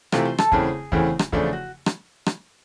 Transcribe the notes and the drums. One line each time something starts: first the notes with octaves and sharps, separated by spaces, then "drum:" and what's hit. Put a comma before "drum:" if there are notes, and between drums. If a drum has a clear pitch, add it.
C3 E3 A3 C4 F4 A#4, drum: rim click
C5
A4, drum: rim click
E2 C#3 E3 A3 C4 G#4, drum: kick
E2 C#3 E3 A3 C4, drum: kick
drum: rim click
E2 C#3 F3 A3 D4, drum: kick
F#4
drum: rim click
drum: rim click